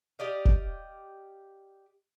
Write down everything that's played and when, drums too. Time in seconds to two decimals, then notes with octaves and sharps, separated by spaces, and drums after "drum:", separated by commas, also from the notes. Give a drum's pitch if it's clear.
0.19 G4 D5 D#5 F5
0.45 drum: kick F#1